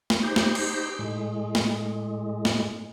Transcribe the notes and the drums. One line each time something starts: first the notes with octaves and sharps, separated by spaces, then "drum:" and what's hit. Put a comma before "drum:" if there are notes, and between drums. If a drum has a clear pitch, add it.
drum: snare
D#4 G4 C5
drum: snare
drum: cymbal
A2 G#3
drum: snare
drum: snare